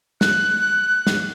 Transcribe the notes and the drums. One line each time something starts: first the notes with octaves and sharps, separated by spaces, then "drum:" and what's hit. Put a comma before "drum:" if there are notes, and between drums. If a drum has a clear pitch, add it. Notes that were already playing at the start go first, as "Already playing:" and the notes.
F#6, drum: snare
drum: snare